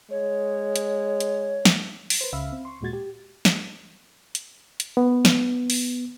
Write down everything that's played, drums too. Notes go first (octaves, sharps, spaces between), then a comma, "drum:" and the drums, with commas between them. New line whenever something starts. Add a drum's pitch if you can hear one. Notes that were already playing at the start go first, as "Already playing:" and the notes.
G#3 C#5
drum: hi-hat
drum: hi-hat
drum: snare
drum: open hi-hat
B4 C5
C#2 C#3 E5 F5 B5 E6
C4
C6 C#6
D#2 A#2 G#3 F#4 G#6 A6
G4
drum: snare
drum: hi-hat
drum: hi-hat
B3
drum: snare
drum: open hi-hat